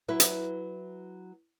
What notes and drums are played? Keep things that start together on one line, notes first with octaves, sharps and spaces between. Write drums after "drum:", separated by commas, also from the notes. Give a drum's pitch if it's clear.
F#3 E4 B4
drum: hi-hat